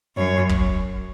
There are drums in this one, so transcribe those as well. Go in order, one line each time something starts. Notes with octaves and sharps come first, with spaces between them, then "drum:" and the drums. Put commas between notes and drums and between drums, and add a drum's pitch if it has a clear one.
F#2 C#5
drum: kick